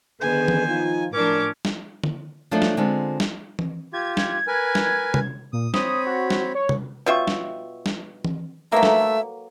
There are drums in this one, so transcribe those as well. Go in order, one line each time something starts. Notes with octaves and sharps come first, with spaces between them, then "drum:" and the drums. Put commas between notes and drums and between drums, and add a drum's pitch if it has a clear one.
D3 D#3 B3 G#4 B4 C5 G#5
drum: tom E3
F3 D#4 F4
A2 F3 C#4 D4 A#4 D6
drum: snare
drum: tom D3
F3 F#3 A3 D4 F4
drum: snare
D3 G#3 B3 C4 F4
drum: snare
drum: tom E3
F4 G4 G#6
drum: snare
A#4 B4 G#5
drum: snare
drum: tom C3
A#2 D#6
C4 C#5 B5 D#6, drum: snare
F#4
drum: snare
C#5
drum: tom C3
B2 F4 C#5 E5 G5 C#6
drum: snare
drum: snare
drum: tom E3
F#3 A3 A#3 A4 B4 E5 F5
drum: snare